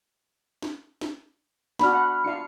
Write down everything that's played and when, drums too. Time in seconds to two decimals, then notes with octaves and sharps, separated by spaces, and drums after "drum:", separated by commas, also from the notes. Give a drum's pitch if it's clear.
0.62 drum: snare
1.01 drum: snare
1.79 B3 D4 F#4 B5 F6, drum: snare
1.93 F#5
2.24 D4 F4 F5 C#7